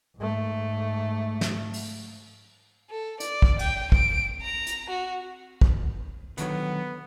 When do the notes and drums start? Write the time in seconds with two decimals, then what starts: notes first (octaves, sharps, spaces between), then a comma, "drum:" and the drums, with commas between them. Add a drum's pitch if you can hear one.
0.17 G#2 A3
1.41 drum: snare
1.74 drum: open hi-hat
2.90 A4
3.20 D5, drum: hi-hat
3.42 drum: kick
3.59 G5, drum: cymbal
3.92 D7, drum: kick
4.42 A#5
4.67 drum: hi-hat
4.90 F#4
5.61 drum: kick
6.38 D3 D#3 F#3 B3, drum: hi-hat